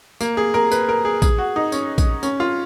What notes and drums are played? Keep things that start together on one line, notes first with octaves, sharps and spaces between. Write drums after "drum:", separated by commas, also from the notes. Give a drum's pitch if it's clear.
A#3, drum: tambourine
G#4
A#4
B4, drum: tambourine
A#4
G#4
G#4, drum: kick A#1, tambourine
F#4
D#4
C#4, drum: tambourine
drum: kick A#1, tambourine
C#4, drum: tambourine
F4